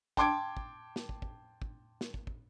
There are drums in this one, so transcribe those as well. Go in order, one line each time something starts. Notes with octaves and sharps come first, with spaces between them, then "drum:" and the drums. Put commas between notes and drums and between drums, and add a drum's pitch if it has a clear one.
G5 A5 C6 D6 G#6 D7, drum: kick
drum: kick
drum: snare
drum: kick
drum: kick
drum: kick
drum: snare
drum: kick
drum: kick